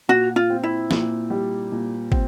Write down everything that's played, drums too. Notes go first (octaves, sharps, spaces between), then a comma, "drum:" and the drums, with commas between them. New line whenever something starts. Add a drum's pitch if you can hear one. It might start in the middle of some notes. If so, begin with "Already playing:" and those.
A#2 F#4
F4
C4
E4
A#2, drum: snare
G3
A#2
C4, drum: kick